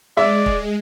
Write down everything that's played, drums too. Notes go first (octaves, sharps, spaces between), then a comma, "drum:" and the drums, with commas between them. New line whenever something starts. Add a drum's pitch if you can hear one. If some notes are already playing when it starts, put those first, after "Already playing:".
G#3 D5 E5
drum: kick